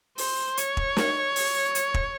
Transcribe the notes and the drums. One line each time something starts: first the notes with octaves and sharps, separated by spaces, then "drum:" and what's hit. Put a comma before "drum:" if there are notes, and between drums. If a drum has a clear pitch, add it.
C5, drum: open hi-hat
C#5, drum: hi-hat
drum: kick E1
drum: snare
drum: open hi-hat
drum: hi-hat
drum: kick E1